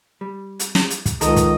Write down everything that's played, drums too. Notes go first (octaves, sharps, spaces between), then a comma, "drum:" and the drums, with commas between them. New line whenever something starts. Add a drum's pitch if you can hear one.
G3
drum: hi-hat
drum: snare
drum: hi-hat
drum: kick, hi-hat
C#2 D#3 A4 A#4 D#5, drum: hi-hat
drum: kick, hi-hat